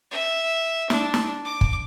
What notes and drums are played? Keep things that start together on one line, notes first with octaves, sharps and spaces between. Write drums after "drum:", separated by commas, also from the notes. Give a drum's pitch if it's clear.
E5
D4, drum: snare
drum: snare
D6
drum: kick